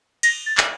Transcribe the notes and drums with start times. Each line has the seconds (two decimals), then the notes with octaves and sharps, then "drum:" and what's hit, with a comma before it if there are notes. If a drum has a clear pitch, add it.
0.23 A#6, drum: cymbal
0.46 A6
0.58 drum: clap